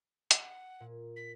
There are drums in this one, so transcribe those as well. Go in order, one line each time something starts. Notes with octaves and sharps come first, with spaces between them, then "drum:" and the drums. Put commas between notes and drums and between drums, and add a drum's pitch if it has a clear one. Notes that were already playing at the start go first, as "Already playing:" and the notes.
F#5, drum: hi-hat
A#2
B6